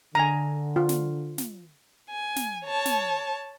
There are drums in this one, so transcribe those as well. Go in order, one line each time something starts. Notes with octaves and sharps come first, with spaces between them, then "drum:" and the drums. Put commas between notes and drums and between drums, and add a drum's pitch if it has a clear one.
D3 G#5 A#5
F4
drum: snare
drum: snare
G#5
drum: snare
C#5 A5
drum: snare